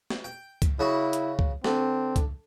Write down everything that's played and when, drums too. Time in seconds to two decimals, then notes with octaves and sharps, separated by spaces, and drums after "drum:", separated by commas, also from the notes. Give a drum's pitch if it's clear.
0.10 drum: snare
0.24 G5
0.62 drum: kick C#2, hi-hat
0.79 C#3 E4 F#4
1.13 drum: hi-hat
1.39 drum: kick C#2
1.64 D3 C4, drum: snare
2.16 drum: kick C#2, hi-hat